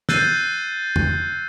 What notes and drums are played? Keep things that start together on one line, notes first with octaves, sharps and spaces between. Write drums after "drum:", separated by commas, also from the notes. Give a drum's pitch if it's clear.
E6 F#6 G6 A6 C7 D#7, drum: snare
drum: tom